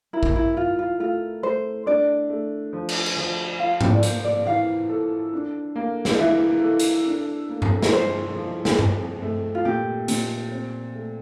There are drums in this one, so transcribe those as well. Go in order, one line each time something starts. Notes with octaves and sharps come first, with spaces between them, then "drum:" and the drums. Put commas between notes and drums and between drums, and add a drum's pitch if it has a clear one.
E4 A#4
drum: kick A1
E4
E4 F4
F4
A3 F4
A3 C5
D4 D5
A3
F3
drum: cymbal
drum: cymbal
F3
F4 F5
G5, drum: tom G#2
D5
A#3 C5, drum: hi-hat
D5
E3 F5
A4
D4
A#3
drum: snare
D5
E3 E5
A4
drum: hi-hat
D4
A#3
drum: tom G2
A#4, drum: snare
F3 C5
F3
drum: snare
C4, drum: tom G2
A3
F4
A#2 G4
A#2, drum: hi-hat
C4
A3